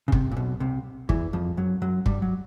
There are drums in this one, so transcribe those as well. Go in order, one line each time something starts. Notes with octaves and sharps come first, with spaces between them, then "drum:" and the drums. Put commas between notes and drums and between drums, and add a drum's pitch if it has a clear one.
C#3
C2 C3, drum: kick
A#2
B1 B2
C2 C3
E2 E3, drum: kick
F2 F3
F#2 F#3
F#2 F#3
G2 G3, drum: kick
F#3